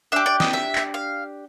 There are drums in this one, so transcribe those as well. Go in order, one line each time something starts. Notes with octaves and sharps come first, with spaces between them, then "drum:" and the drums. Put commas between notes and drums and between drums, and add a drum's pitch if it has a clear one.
D4 G4 E5
D5
D#5, drum: snare
E5
drum: clap
F5